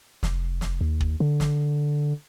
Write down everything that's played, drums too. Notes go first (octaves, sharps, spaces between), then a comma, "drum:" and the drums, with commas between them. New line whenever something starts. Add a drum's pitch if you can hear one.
F1, drum: snare
drum: snare
D#2
drum: kick
D3
drum: snare